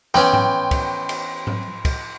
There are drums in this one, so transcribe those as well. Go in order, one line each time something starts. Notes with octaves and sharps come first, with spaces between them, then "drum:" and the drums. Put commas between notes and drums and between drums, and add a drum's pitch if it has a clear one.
E3 B3 C#4 G5 B5 C6
drum: tom G#2
drum: kick, cymbal
drum: cymbal
drum: tom G#2
drum: kick, cymbal